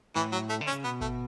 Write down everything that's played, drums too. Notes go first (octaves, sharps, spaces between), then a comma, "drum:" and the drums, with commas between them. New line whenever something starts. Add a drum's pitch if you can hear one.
A2 E3
F#3
A3
D3
C#4
C#3, drum: hi-hat
B2 B3
A3, drum: kick G#1